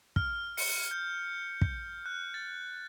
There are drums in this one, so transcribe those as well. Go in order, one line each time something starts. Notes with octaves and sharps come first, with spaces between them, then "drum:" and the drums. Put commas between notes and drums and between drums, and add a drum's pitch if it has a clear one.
F6, drum: kick
C#7, drum: open hi-hat
G6
drum: kick
F#6
A6